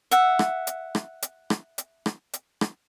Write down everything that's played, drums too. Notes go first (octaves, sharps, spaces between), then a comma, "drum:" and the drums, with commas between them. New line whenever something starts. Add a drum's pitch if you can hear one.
E5 F#5, drum: hi-hat
drum: rim click
drum: hi-hat
drum: rim click
drum: hi-hat
drum: rim click
drum: hi-hat
drum: rim click
drum: hi-hat
drum: rim click